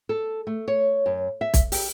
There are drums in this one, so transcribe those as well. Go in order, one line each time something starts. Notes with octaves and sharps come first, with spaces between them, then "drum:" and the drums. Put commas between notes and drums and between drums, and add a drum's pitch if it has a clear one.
A4
A3
C#5
F#2
E5
drum: kick, hi-hat
G4, drum: open hi-hat